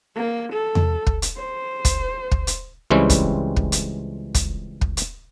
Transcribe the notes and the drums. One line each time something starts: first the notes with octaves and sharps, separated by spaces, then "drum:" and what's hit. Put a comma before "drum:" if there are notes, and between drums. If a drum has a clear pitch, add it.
A#3
A4
drum: tom E2
drum: kick
drum: hi-hat
C5
drum: kick, hi-hat
drum: kick
drum: hi-hat
C#2 E3 G3 G#3 C4 C#4
drum: kick, hi-hat
drum: kick
drum: hi-hat
drum: kick, hi-hat
drum: kick
drum: hi-hat